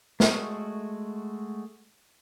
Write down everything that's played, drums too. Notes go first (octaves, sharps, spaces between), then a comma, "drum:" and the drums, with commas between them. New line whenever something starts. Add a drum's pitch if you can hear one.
G#3 A3 F#4, drum: snare